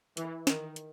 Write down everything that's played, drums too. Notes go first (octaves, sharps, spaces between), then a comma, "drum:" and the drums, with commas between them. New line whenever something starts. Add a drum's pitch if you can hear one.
E3, drum: hi-hat
D#3, drum: snare
drum: hi-hat